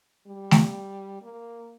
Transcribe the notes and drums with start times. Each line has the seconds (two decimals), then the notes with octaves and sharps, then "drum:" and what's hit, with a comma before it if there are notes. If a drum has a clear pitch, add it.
0.27 G3
0.51 drum: snare A3
1.22 A#3